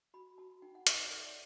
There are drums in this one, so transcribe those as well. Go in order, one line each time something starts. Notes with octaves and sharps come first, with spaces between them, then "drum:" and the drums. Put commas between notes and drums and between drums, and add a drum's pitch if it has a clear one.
F#4 B5
F#4 A5
D#4 G5
F#5
D#4 E5, drum: hi-hat
D5
C#5
A4 D5